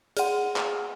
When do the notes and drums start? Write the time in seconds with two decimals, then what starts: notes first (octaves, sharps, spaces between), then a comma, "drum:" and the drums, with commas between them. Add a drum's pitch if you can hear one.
0.17 G#4 F#5, drum: hi-hat
0.56 drum: clap